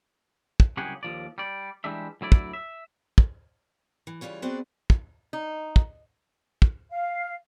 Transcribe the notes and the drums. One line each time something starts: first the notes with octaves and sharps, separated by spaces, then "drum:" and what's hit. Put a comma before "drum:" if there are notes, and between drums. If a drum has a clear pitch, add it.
drum: kick
C2 C#3 F#3 G4 G#4 F#5
D#2 F3 D5
G3 D5
E3 G3 G#3 D4 E5
D2 F#3 E4 D5
drum: kick
E5
drum: kick
E3
C#3 E3 G3 F4 C#5
B3 C4 F#4 G#4 C5 D5
drum: kick
D#4
drum: kick
drum: kick
F5